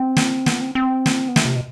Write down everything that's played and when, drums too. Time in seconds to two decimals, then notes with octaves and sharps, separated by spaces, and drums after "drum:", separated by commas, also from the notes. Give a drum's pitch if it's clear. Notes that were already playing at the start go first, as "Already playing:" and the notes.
Already playing: C4
0.16 drum: snare
0.46 B3, drum: snare
0.61 C4
0.75 C4
1.06 drum: snare
1.28 B3
1.36 A3, drum: snare
1.45 C3
1.56 B2